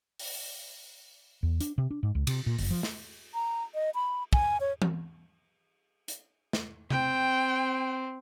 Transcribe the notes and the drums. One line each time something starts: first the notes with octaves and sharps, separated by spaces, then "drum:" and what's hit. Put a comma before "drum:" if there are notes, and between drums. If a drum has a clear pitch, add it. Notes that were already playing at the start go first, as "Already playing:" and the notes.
drum: open hi-hat
E2
D4, drum: hi-hat
C3
D4
G#2
C#2
C3, drum: cymbal
A#2
F#1, drum: open hi-hat
F3
drum: snare
A#5
D#5
B5
G#5, drum: kick
C#5
drum: tom E3
drum: hi-hat
drum: snare
C4 G5, drum: tom C3